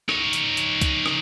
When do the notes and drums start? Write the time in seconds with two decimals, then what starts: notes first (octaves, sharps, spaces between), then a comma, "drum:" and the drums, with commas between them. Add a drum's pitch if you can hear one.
0.09 D#4 C#5, drum: rim click
0.33 drum: hi-hat
0.57 drum: hi-hat
0.81 drum: kick C2, hi-hat
1.06 drum: rim click